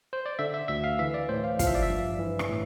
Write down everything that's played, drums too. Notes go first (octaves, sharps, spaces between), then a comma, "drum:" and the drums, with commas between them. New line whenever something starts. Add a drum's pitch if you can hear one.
C5
D5
D3 E5
E5
D2 E5
F5
E3 E5
D5
A2 C5
F5
F3 F5, drum: kick, hi-hat
E5
D5
E5
G2
E3
drum: rim click
A2